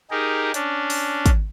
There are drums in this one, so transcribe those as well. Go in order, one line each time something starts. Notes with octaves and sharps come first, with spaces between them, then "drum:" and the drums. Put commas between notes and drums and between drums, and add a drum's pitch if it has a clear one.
D#4 G4 G#4 A#4
C#4 D4, drum: hi-hat
drum: open hi-hat
drum: kick, hi-hat